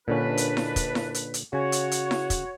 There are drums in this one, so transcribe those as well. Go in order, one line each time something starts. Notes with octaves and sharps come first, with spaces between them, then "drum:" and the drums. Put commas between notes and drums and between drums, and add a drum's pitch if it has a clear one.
D#2 A#2 D3 C#4 D4 B4
drum: hi-hat
drum: snare E4
drum: kick, hi-hat
drum: snare E4
drum: hi-hat
drum: hi-hat
C#3 F#4 C#5 G#5
drum: hi-hat
drum: hi-hat
drum: snare E4
drum: kick, hi-hat